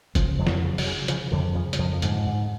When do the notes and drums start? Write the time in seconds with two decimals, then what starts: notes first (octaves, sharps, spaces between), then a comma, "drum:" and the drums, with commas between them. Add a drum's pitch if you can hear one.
0.15 C#3 F3, drum: kick, hi-hat
0.39 F2 G#3
0.46 F#3, drum: snare
0.63 C#3
0.78 F#3, drum: open hi-hat
0.86 C#3
1.08 C#3 F3, drum: hi-hat
1.32 F2 D3
1.55 C#3 F3
1.73 F#3, drum: hi-hat
1.79 F2 F3
1.93 F3
2.02 G#2 D3, drum: hi-hat
2.26 G#2